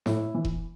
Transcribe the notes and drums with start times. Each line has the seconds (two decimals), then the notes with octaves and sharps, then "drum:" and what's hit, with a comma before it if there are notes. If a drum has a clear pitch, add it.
0.06 A2 E4, drum: snare
0.35 E3
0.45 drum: kick E1